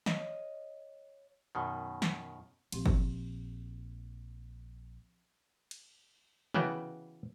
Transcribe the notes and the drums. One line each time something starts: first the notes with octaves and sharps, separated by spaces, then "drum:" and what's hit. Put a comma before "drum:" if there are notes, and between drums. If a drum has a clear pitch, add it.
C#5 D#5 F5, drum: snare
F#2 B2 D#3
drum: snare
A#1 F3 C4 G4, drum: cymbal
drum: kick G1
drum: cymbal
C#3 E3 B3 F#4 G5, drum: tom